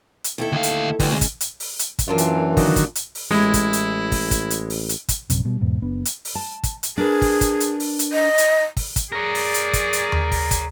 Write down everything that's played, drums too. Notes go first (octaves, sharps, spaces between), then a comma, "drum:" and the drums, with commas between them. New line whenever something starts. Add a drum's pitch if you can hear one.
drum: hi-hat
D#2 E4 A4
D2 F5
drum: hi-hat
D2 E3 G3, drum: kick, open hi-hat
C#3 G#3
drum: kick, hi-hat
drum: hi-hat
drum: open hi-hat
drum: hi-hat
drum: kick, hi-hat
F#2 A#2 E3 D4 F4
drum: hi-hat
D3 D#3 F#3, drum: kick, open hi-hat
drum: kick, hi-hat
drum: hi-hat
drum: open hi-hat
A1 G#3 E4
drum: kick, hi-hat
drum: hi-hat
drum: kick, open hi-hat
drum: kick, hi-hat
drum: hi-hat
drum: open hi-hat
drum: hi-hat
drum: kick, hi-hat
A#1 F#2 C3, drum: hi-hat
B2 G3
E2 G#2 B2
F#1 B3 D4
drum: hi-hat
drum: open hi-hat
A5
drum: kick, hi-hat
drum: hi-hat
D4 G#4 A#4 B4
drum: kick, open hi-hat
drum: kick, hi-hat
drum: hi-hat
drum: open hi-hat
drum: hi-hat
D#5
drum: hi-hat
drum: kick, open hi-hat
drum: kick, hi-hat
G#4 A#4 C#5 D5
drum: open hi-hat
drum: hi-hat
drum: kick, hi-hat
drum: hi-hat
drum: tom D#2
drum: kick, open hi-hat
drum: kick, hi-hat